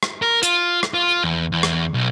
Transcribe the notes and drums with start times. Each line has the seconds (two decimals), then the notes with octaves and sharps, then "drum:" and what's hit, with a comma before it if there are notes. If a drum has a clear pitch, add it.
0.03 drum: rim click
0.22 A#4
0.43 F4, drum: hi-hat
0.83 drum: rim click
0.94 F4
1.23 E2
1.52 E2
1.63 drum: rim click
1.94 B1